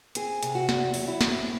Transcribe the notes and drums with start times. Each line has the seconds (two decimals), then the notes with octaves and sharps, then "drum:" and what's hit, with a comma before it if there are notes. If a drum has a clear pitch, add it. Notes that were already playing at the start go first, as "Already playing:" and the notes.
0.15 C4 G#4, drum: hi-hat
0.43 C3, drum: hi-hat
0.55 F#4
0.69 E2, drum: snare
0.94 F#3 F#4, drum: open hi-hat
1.08 E4
1.21 C4, drum: snare
1.33 E4